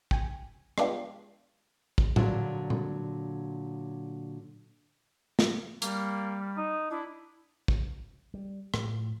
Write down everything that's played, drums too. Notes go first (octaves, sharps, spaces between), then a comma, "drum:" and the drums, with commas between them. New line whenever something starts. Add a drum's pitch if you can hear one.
G5 G#5, drum: kick
G#3 B3 D4 F4 G4, drum: rim click
drum: kick
A#2 D3 F#3, drum: tom A2
drum: tom A#2
drum: snare
G3 A#3, drum: hi-hat
D#4
D4 E4
drum: kick
G3
A2 F3, drum: rim click